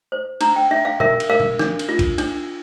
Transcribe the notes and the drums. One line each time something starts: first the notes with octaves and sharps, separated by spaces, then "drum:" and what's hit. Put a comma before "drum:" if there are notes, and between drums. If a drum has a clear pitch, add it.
C5
D4 A#5, drum: cymbal
G5
D4 E5
F5
A#4 E5, drum: tom A#2
drum: cymbal
A#4 F5
drum: tom A#2
D4, drum: snare
drum: cymbal
F4
drum: kick B1, cymbal
D4, drum: cymbal